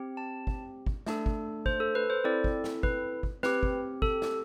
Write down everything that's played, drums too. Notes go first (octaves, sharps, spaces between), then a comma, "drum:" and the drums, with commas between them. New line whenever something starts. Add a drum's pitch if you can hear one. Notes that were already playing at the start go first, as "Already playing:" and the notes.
Already playing: C4 G4
A5
drum: kick
drum: kick
A3 D4 A4, drum: snare
drum: kick
C5, drum: kick
A4
B4
C5
C4 E4 A4 D5
drum: kick
drum: snare
B4, drum: kick
drum: kick
C4 G4 B4, drum: snare
drum: kick
A4, drum: kick
drum: snare